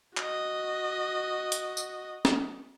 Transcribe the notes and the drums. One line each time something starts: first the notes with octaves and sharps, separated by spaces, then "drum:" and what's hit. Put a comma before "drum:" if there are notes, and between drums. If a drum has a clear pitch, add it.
F#4 D#5, drum: clap
drum: hi-hat
drum: tambourine
drum: snare